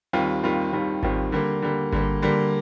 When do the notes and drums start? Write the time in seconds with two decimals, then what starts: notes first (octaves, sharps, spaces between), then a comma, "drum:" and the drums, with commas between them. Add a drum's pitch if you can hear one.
0.13 D#2 D#3 G3 C4 F4
0.43 D#2 D#3 G3 C4 F4
0.73 D#2 D#3 G3 C4 F4
1.03 D#2 D#3 G3 C4 F4, drum: kick G#1
1.32 D3 G3 A#3
1.62 D3 G3 A#3
1.92 D3 G3 A#3, drum: kick G#1
2.22 D3 G3 A#3